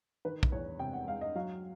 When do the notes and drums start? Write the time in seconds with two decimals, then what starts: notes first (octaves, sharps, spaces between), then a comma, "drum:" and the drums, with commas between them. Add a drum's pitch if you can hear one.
0.25 D#3 B4
0.43 drum: kick
0.52 E2 C#5
0.79 C3 G5
0.93 F#5
1.07 G#3 F5
1.21 D#5
1.35 F#3 F5